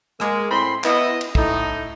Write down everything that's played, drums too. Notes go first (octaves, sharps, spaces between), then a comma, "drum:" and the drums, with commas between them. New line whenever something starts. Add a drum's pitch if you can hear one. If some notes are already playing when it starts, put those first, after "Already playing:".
G#3 A#3 G#4, drum: rim click
A2 C4 B5 C6
B3 E4 D#5, drum: clap
drum: cymbal
A2 A3 D#4, drum: kick